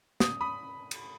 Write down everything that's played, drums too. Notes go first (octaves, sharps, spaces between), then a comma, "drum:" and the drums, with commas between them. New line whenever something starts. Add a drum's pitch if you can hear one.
D#6, drum: snare
B5 D#6
drum: cymbal